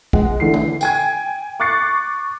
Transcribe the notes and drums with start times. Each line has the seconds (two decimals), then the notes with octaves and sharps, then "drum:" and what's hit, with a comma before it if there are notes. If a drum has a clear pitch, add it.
0.13 G#3 F#5, drum: kick
0.40 D3 E3 A3 C7
0.54 drum: tom
0.81 G5 G#5 G#6, drum: tambourine
1.60 C#6 D6 F#6 A6 C7 C#7